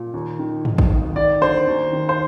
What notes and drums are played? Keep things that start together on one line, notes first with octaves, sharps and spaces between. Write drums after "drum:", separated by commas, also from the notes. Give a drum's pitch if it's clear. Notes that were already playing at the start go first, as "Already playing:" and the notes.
Already playing: A#2
D#2
D#3
D#3, drum: tom G2
drum: kick
G#1
D#3 D5
D2 C5
D#2
D#3
C5